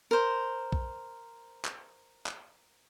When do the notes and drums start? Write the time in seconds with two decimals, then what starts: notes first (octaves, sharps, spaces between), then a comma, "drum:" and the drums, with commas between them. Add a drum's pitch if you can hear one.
0.11 A#4 C5
0.72 drum: kick A#1
1.65 drum: clap
2.26 drum: clap